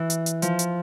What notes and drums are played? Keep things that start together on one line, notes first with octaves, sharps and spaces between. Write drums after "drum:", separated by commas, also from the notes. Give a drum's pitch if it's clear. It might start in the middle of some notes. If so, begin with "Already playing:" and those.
Already playing: E3
drum: hi-hat
drum: hi-hat
F3, drum: hi-hat
drum: hi-hat